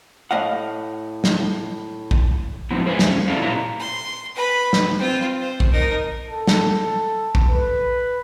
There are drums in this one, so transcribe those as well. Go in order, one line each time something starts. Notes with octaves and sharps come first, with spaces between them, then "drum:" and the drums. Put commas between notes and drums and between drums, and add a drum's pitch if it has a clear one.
A2 D#5 F5 F#5
drum: snare
drum: kick A#1
F3 F#3 G#3 B3 C4 E4
G#4 B4 C5 E5 F5 G#5
E2 G#4, drum: snare
C#4
E4 F#4 G4 A4 D5 F5
A#2 E4 B4 C#5 D#5 A#5
C6
B4 B5
drum: snare
C4 F4
C5
drum: kick A#1
D#4 A#4
A4
drum: snare
drum: kick A#1
B4